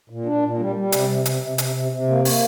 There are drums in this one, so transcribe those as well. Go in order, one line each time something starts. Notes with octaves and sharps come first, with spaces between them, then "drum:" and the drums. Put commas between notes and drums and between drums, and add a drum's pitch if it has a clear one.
A#2
D4
A#2
G3
G3
C3, drum: hi-hat
C3
C3, drum: hi-hat
C3
C3, drum: hi-hat
C3
C3
A#3
A#3, drum: open hi-hat